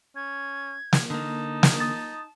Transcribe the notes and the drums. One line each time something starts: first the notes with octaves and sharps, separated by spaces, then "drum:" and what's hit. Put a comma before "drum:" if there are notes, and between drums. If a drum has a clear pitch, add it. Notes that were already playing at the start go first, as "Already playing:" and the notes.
C#4 G#6
drum: snare
D3 A#3 D#4 A5
drum: snare
D#6 A6